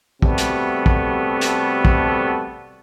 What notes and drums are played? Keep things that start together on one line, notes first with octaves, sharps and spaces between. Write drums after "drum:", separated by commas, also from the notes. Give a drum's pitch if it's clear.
C3 G3 A3 B3 F#4 A4, drum: kick
drum: hi-hat
drum: kick
drum: hi-hat
drum: kick